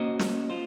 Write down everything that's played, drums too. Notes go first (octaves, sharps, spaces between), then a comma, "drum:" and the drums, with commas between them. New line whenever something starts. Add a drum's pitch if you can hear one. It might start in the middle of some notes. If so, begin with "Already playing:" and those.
Already playing: A#3 C#4 F#4 C5 D#5
drum: snare
F4 C5